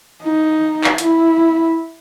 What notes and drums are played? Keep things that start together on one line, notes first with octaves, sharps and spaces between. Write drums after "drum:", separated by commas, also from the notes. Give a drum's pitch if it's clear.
D#4
drum: clap
E4, drum: hi-hat